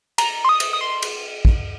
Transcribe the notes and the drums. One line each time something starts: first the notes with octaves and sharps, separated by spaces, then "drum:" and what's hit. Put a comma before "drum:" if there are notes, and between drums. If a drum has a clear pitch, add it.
A#5, drum: cymbal
C6
D#6
drum: cymbal
D#6
C6
drum: cymbal
drum: kick